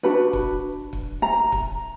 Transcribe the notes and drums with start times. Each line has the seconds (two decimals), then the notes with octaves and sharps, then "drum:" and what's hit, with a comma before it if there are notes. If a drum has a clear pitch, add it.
0.03 D4 F#4 B4 B5
0.33 drum: kick
0.93 drum: kick
1.22 A#5
1.52 drum: kick